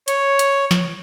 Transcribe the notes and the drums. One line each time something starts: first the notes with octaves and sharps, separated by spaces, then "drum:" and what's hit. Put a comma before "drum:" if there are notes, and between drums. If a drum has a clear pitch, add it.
C#5, drum: hi-hat
drum: hi-hat
drum: snare